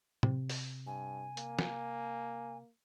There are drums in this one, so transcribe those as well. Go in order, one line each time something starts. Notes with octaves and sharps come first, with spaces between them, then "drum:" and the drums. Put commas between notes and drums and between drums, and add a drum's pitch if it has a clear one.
C3, drum: tom
drum: open hi-hat
G2 G#5
A#3, drum: hi-hat
drum: snare